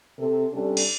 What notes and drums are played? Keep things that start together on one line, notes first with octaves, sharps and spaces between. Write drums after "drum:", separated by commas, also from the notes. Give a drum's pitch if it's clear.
C3 A4
C3 G3 C#4 D4 G4 A4
drum: cymbal